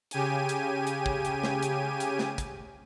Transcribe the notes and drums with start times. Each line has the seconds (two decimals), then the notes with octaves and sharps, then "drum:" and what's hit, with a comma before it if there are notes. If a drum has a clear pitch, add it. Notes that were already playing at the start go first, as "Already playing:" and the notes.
0.11 C#3 G4 G#5 D#7, drum: hi-hat
0.49 drum: hi-hat
0.87 drum: hi-hat
1.06 drum: kick
1.25 drum: hi-hat
1.44 drum: snare
1.62 drum: hi-hat
2.00 drum: hi-hat
2.19 drum: snare
2.38 drum: kick, hi-hat